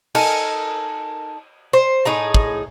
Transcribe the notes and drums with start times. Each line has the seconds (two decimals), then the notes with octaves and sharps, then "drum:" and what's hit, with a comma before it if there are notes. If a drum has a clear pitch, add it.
0.15 D#4 A4 A#4 G#5, drum: cymbal
1.73 C5
2.05 A2 D#4 G#4 A#5
2.34 drum: kick